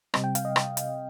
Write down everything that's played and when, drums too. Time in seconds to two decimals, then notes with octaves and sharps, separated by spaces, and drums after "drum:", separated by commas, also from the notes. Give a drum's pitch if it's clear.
0.14 C3 G3 C4 D#5, drum: rim click
0.24 G5
0.35 F5, drum: hi-hat
0.45 D#5
0.56 drum: rim click
0.77 drum: hi-hat